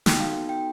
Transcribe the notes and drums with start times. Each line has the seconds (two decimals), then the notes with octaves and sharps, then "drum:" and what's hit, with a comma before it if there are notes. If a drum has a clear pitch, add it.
0.06 B3 D#4 F#4 A4 G5, drum: snare
0.20 F5
0.49 G5